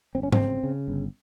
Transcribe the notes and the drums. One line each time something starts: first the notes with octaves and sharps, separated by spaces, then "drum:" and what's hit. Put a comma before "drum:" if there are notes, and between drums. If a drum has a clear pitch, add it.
G1 C4
C#4
C4, drum: tom G#2
C#3
C#3
G1